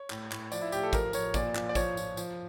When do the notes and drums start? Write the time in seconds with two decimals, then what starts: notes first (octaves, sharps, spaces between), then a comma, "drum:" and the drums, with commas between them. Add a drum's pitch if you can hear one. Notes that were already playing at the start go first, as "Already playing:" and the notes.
Already playing: C#5
0.10 A2, drum: clap
0.31 A2, drum: clap
0.52 F3 D5, drum: tambourine
0.62 E4
0.72 A2 G4, drum: tambourine
0.83 A4
0.93 F3 A#4, drum: kick, tambourine
1.13 F3 C#5, drum: tambourine
1.34 A#2 D5, drum: kick, tambourine
1.55 F3, drum: clap
1.69 D5
1.75 F3 C#5, drum: kick, tambourine
1.97 F3, drum: tambourine
2.17 F3, drum: tambourine